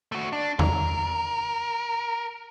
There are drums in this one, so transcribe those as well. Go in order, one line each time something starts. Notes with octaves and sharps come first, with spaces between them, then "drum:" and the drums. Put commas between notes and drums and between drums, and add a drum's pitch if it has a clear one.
A3 F#4
D4
A#4, drum: tom E2